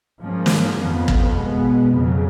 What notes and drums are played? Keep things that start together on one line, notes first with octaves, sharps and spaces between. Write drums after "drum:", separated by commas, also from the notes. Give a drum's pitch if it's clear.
G#2 F3 A#3 C#4
drum: snare
F2 F3 B3
drum: kick
B2 G#3 B3
F2 C#3 F#3